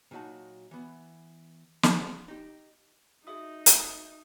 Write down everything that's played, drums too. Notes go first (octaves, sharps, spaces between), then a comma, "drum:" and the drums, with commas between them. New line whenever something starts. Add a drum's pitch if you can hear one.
A#2 F#3 D#4 F#4 A5
E3 B3
E2 F3 C4, drum: snare
D#4 G4
D#4 F#4 G#4 E5 D#6
drum: hi-hat